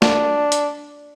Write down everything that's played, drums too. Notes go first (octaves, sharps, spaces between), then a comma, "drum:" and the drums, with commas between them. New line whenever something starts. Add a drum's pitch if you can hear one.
D4, drum: snare
drum: hi-hat